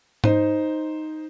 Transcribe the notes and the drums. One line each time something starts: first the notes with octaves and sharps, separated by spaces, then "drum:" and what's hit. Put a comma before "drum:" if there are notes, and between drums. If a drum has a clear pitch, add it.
D#4 C5, drum: tom G#2